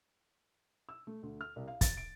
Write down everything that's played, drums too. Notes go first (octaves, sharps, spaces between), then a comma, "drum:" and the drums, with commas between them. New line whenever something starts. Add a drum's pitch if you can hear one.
E6
A3
D2
F6
C2
F5
A6, drum: kick, hi-hat
D7